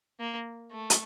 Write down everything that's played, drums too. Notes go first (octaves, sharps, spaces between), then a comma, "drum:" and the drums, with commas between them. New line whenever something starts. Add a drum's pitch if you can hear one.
A#3
A3
drum: hi-hat